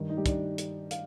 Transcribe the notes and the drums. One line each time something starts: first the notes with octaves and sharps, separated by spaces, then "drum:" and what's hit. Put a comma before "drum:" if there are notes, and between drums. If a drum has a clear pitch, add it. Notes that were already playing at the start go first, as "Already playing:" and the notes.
Already playing: G2 D#3
D#4
G3 G4
D4 D5, drum: kick, hi-hat
drum: hi-hat
F5, drum: hi-hat